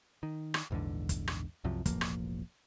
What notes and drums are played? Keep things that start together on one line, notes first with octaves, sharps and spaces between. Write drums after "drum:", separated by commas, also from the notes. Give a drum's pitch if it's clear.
D#3
drum: rim click
A#1 E2 G#2 D3
drum: kick, hi-hat
drum: rim click
C2 F#2 C3 F3
E1 A1 F3 A#3, drum: kick, hi-hat
drum: rim click